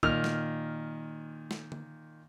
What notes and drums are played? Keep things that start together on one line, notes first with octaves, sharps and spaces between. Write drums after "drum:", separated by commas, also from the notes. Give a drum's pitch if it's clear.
A#2 D#3 F6 F7, drum: kick
drum: snare
drum: snare
drum: tom D3